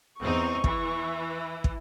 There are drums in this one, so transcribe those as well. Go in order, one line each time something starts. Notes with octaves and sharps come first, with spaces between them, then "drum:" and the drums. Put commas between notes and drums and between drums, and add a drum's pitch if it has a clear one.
E2 C4 D#4 C#6
E3, drum: kick
drum: kick